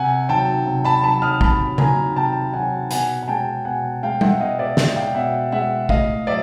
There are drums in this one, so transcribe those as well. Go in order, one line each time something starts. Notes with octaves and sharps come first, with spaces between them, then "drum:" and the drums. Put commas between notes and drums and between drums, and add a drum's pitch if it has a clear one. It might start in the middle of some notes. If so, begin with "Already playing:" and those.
Already playing: C3 F#5 G#5
D#3 F#3 G5 A5
C3
A5 B5
D#3 F#3 A5 B5
D#6 F6
C3 A5 B5, drum: kick A1
D#3 F#3 G#5 A#5, drum: tom C#3
C3 G5 A5
D#3 F#3 F#5 G#5
B2 F#5 G#5, drum: hi-hat
G#5
G#3 G5 A5
B2 F#5 G#5
G#3 F5 G5
E5 F#5, drum: tom G3
B2 D#5 F5
D5 E5
G#3, drum: snare
F5 G5
B2 E5 F#5
G#3 E5 F#5
A2 D#5 F5, drum: kick A1
F#3 D5 E5